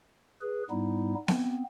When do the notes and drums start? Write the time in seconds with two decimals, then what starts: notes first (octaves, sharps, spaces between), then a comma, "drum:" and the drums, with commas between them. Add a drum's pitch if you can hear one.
0.41 G#4 B4
0.70 G#2 G3 B3 D#4 E4
1.28 B3 C4, drum: snare B3